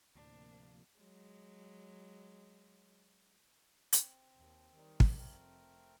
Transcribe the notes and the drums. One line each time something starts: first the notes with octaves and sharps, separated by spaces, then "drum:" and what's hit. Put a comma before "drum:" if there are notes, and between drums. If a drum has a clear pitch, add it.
D2 A2 C3 F3 A#3 D4
F#3 G#3
C4, drum: hi-hat
D#2
D#3 G3
drum: kick
F1 A3 C4 A#4